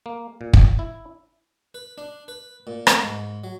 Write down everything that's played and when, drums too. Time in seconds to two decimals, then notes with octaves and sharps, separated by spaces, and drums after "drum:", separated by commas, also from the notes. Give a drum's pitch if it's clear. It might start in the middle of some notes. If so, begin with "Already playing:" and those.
0.06 A#3
0.41 A#2
0.53 drum: kick
0.79 E4
1.74 B4
1.98 D4
2.28 B4
2.67 A#2
2.87 A#3, drum: rim click
3.01 G#2
3.44 F#3